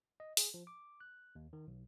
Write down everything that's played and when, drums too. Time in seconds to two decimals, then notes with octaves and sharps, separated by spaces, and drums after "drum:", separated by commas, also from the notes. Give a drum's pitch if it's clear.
0.20 D#5
0.37 G#4, drum: open hi-hat
0.54 F3
0.67 D6
1.00 F#6
1.35 D#2
1.53 D#3
1.67 B1